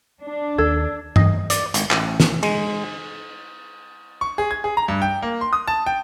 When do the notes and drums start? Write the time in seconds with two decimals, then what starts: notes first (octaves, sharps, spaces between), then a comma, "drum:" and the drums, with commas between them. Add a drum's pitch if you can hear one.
0.23 D4
0.58 D#2 A4 E6 G#6
1.16 D#5, drum: tom G2
1.50 D5, drum: hi-hat
1.74 G#1, drum: hi-hat
1.91 A1, drum: clap
2.20 drum: snare
2.43 G#3, drum: cymbal
4.21 C#6
4.38 G#4
4.51 G#6
4.64 G#4
4.77 A#5
4.88 G2
5.02 G5
5.22 A#3
5.41 C6
5.53 D#6
5.68 A5
5.86 G5